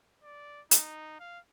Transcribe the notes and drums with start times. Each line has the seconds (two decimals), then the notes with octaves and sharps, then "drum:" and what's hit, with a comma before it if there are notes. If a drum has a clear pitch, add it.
0.24 D5
0.71 D#4, drum: hi-hat
1.20 F5